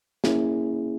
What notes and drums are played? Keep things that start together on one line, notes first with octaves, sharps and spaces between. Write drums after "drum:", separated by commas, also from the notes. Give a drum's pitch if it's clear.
A#3 C#4 E4 G#4, drum: snare